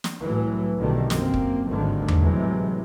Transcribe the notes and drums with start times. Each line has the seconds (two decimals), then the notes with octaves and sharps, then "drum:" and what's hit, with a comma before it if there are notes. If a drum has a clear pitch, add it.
0.04 drum: snare
0.22 C2 A2 E3 F#3
0.78 B1 B2 D3 D#3 G3 A3
1.10 F#2 A#3 C4, drum: snare
1.34 drum: kick
1.69 G#1 D2 G2 D3 D#3 F3
2.08 drum: tom E2
2.18 A2 C3 E3 F#3 G#3